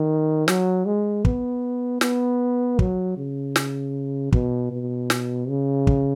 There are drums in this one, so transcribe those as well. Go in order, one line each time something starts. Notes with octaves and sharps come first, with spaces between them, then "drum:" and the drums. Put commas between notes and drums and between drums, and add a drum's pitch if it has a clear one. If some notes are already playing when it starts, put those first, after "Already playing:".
Already playing: D#3
F#3, drum: snare
G#3
B3, drum: kick
B3, drum: snare
F#3, drum: kick
C#3
drum: snare
B2, drum: kick
B2
drum: snare
C#3
drum: kick